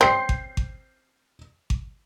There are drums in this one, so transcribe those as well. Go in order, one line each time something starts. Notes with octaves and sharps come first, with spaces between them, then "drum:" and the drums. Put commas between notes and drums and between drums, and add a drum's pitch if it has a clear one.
C4 G6 C7
drum: kick G#1
drum: kick G#1
drum: kick G#1